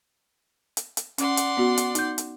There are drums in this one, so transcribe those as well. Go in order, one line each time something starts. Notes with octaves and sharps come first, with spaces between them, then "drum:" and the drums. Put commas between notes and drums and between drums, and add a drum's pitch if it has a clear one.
drum: hi-hat
drum: hi-hat
C#4 D5 F#5 C6, drum: hi-hat
drum: hi-hat
B3 F#4
drum: hi-hat
D#4 G6, drum: hi-hat
drum: hi-hat